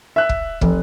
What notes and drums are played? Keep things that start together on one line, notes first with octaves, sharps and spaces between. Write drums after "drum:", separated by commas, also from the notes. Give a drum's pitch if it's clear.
E5 F#6
drum: kick
F1, drum: kick